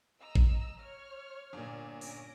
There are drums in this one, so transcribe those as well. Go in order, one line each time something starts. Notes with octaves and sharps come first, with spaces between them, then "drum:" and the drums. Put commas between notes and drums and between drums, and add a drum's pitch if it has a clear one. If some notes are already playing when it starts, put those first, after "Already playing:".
D#5 A#5 E6
drum: kick A1
C#5 F6
G1 A#2
C#4 A#6 D7, drum: open hi-hat